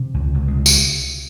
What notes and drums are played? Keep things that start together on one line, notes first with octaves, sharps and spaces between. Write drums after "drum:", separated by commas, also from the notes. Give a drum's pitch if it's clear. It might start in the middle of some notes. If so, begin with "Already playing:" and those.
Already playing: C3
C#2
C#2
G#3
C3
drum: tambourine